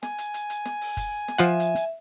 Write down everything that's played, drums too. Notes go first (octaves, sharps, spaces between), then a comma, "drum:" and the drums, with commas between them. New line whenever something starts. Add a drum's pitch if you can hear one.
G#5, drum: snare
drum: hi-hat
drum: hi-hat
drum: hi-hat
drum: snare
drum: open hi-hat
drum: kick F#1, hi-hat
drum: snare
F3 F4 E5 F#5
drum: hi-hat
drum: hi-hat